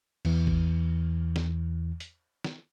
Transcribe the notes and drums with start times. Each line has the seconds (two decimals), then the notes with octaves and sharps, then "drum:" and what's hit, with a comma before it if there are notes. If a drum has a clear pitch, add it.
0.25 E2 E3, drum: cymbal
0.47 drum: kick G#1
1.36 drum: snare
2.00 drum: hi-hat
2.44 drum: snare